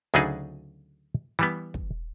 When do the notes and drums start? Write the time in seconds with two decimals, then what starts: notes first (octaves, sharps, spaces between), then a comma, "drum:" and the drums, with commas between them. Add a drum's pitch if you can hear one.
0.14 D2 C#3 F#3 D4 D#4 G#4
1.39 E3 G3 B3
1.74 drum: kick